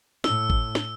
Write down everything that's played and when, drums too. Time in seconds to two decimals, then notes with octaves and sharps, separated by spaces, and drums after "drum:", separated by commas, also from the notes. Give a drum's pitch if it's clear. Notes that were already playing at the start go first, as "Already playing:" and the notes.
0.24 A2 E6, drum: snare
0.50 drum: kick G#1
0.75 drum: snare